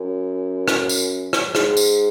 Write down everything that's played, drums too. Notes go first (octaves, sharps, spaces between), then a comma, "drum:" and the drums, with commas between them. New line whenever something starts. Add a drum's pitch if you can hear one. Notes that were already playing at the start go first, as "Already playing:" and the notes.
Already playing: F#2
drum: rim click
drum: tambourine
drum: rim click
G#2, drum: rim click
drum: tambourine